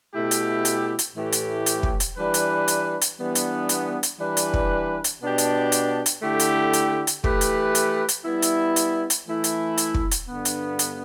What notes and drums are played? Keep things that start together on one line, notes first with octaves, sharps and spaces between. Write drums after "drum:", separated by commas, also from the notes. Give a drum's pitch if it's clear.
B2 A3 E4 G4
drum: hi-hat
drum: hi-hat
drum: hi-hat
A2 E3 A3 G4
drum: hi-hat
drum: hi-hat
drum: kick
drum: hi-hat
E3 G3 D4 B4
drum: hi-hat
drum: hi-hat
drum: hi-hat
E3 G3 B3 D4
drum: hi-hat
drum: hi-hat
drum: hi-hat
E3 G3 D4 B4
drum: hi-hat
drum: kick
drum: hi-hat
B2 B3 D4 G4
drum: hi-hat
drum: hi-hat
drum: hi-hat
D3 A3 E4 G4
drum: hi-hat
drum: hi-hat
drum: hi-hat
E3 A3 G4 B4, drum: kick
drum: hi-hat
drum: hi-hat
drum: hi-hat
G3 B3 E4
drum: hi-hat
drum: hi-hat
drum: hi-hat
E3 A3 E4
drum: hi-hat
drum: hi-hat
drum: kick
drum: hi-hat
G2 D3 B3
drum: hi-hat
drum: hi-hat